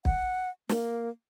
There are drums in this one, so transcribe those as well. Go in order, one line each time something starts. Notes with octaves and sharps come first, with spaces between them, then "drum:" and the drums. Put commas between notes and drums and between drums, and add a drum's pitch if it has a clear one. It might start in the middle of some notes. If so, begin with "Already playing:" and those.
F#5, drum: kick
A#3, drum: snare